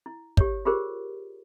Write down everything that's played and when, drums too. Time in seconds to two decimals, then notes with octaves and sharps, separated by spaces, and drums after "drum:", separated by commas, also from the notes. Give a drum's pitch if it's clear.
0.06 E4
0.37 G4 C#5, drum: kick
0.65 F4 G4 G#4 A#4 C5